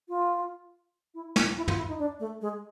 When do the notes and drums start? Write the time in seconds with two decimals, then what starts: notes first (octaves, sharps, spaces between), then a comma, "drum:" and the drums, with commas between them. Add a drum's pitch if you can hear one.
0.09 F4
1.14 E4
1.36 D#4, drum: snare
1.57 E4
1.68 F4, drum: tom
1.78 E4
1.88 D#4
1.99 D4
2.20 A3
2.41 G#3